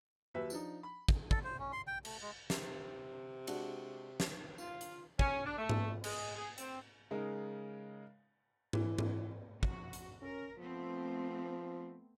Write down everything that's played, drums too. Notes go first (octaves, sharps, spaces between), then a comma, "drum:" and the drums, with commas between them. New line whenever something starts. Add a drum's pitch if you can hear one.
D#2 F#3 B4 E5
F3 D4 D#4, drum: tambourine
B5
drum: kick
A4, drum: kick
C5
C#4
C6
G5
A3, drum: cymbal
G#3
C3, drum: snare
G#3 D4 F#4, drum: cymbal
drum: snare
F4, drum: tambourine
drum: hi-hat
C#4, drum: kick
D4
A3
drum: tom G#2
G#3, drum: cymbal
G#4
C4, drum: hi-hat
C#3 G#3 D#4 A#4
E3, drum: tom G#2
drum: tom G#2
F2 F#4, drum: kick
drum: hi-hat
C#4 A#4
F3 A3 B3 C4